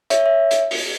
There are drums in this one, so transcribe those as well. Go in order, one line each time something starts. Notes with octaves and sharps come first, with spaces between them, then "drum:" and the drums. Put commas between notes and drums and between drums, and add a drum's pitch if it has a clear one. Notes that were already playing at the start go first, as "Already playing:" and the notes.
C#5 E5, drum: hi-hat
C#5 E5
drum: hi-hat
drum: open hi-hat